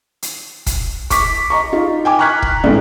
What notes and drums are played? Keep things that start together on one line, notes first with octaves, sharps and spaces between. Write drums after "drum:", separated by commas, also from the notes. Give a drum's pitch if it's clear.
drum: hi-hat
drum: kick, hi-hat
C#6 D6 B6, drum: kick, hi-hat
D#5 A#5 C#6
D#4 F4
G5 G#5 D6
A#5 C#6 F6 F#6 G#6 B6
drum: kick
A2 G#3 A3 B3 C4 D4